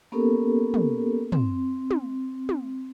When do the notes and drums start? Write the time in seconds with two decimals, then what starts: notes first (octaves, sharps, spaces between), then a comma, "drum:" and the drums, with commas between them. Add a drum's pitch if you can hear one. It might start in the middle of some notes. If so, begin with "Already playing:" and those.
0.12 A#3 B3 C#4 G4 A4 A#4
0.74 drum: tom
1.32 C4, drum: tom
1.91 drum: tom
2.49 drum: tom